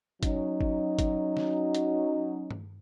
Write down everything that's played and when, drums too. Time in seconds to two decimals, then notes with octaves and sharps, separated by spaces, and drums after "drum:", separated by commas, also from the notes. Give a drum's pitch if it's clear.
0.23 F#3 C#4 D#4, drum: kick, hi-hat
0.61 drum: kick
0.99 drum: kick, hi-hat
1.37 drum: snare
1.75 drum: hi-hat
2.51 drum: tom G2